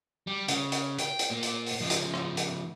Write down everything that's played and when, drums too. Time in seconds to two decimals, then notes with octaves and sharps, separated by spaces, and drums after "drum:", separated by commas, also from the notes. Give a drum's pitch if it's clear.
0.27 G3
0.48 C#3, drum: hi-hat
0.72 drum: hi-hat
0.99 G5, drum: hi-hat
1.19 drum: hi-hat
1.30 A#2 A#3
1.43 drum: hi-hat
1.66 drum: open hi-hat
1.81 C#3 F3
1.90 drum: hi-hat
2.14 drum: rim click
2.37 drum: hi-hat